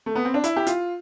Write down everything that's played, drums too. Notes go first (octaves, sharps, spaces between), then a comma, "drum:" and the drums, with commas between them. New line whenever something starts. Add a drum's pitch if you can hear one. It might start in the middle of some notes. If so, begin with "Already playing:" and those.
A3
B3
C4
D4
E4, drum: hi-hat
G4
F4, drum: hi-hat